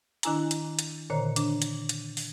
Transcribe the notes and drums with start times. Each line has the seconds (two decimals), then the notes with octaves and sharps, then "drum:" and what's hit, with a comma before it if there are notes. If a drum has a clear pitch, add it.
0.23 D#3 D4 E4 G#5 A#5, drum: hi-hat
0.51 drum: hi-hat
0.79 drum: hi-hat
1.10 A#2 D3 D#3 C5 C#5 A#5
1.36 D4, drum: hi-hat
1.62 drum: hi-hat
1.89 drum: hi-hat
2.17 drum: open hi-hat